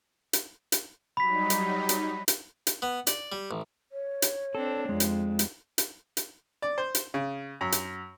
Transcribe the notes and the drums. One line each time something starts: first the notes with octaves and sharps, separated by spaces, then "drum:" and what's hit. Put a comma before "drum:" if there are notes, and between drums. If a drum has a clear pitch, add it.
drum: hi-hat
drum: hi-hat
F#3 G3 D#4 B5 B6
drum: hi-hat
drum: hi-hat
drum: hi-hat
drum: hi-hat
B3
D5, drum: hi-hat
G3
A1
C#5
drum: hi-hat
C4 D4 A4
F2 G#3
drum: hi-hat
drum: hi-hat
drum: hi-hat
drum: hi-hat
D5
C5
drum: hi-hat
C#3
F#2
drum: hi-hat